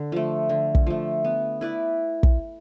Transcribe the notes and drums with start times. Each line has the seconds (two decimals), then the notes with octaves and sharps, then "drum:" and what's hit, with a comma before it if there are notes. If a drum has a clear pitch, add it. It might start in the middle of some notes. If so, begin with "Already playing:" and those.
Already playing: D3
0.12 F3 A3
0.49 D3
0.75 drum: kick
0.86 F3 A3
1.24 B3
1.61 E4 B4 D5
2.23 drum: kick